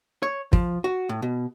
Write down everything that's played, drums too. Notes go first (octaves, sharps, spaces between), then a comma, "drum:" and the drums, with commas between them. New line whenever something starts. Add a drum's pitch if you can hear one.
C#5
F3, drum: kick
F#4
A2
B2